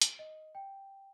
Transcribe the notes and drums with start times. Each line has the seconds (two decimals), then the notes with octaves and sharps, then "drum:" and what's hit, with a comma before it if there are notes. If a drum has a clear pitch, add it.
0.02 D7, drum: hi-hat
0.19 D#5
0.55 G5